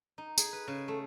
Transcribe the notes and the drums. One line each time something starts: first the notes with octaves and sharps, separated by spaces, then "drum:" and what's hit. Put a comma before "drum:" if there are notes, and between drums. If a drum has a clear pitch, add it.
D#4
G#4, drum: tambourine
B4
C#3
A3